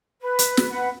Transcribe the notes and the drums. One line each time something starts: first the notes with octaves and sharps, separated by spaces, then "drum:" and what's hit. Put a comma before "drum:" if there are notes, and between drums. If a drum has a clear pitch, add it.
B4
drum: hi-hat
drum: snare
B4 F#5